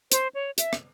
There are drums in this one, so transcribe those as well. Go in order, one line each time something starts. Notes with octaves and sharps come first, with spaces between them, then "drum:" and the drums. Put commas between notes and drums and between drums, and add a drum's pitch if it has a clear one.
C5, drum: hi-hat
C#5
E5, drum: hi-hat
drum: rim click